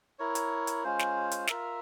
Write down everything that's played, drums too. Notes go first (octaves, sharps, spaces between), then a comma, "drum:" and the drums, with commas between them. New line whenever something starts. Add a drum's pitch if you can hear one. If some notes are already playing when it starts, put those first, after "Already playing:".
E4 A#4 C#5
drum: hi-hat
drum: hi-hat
G#3 C#4 F4 C5
drum: snare
drum: hi-hat
F4 A#4 E5, drum: snare